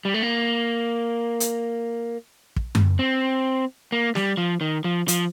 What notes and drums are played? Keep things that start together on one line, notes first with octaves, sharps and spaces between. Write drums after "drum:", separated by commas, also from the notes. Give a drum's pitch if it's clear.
G3
A3
A#3
drum: hi-hat
drum: kick
drum: tom F#2
C4
A#3
G3, drum: snare
F3
D#3
F3
F3, drum: hi-hat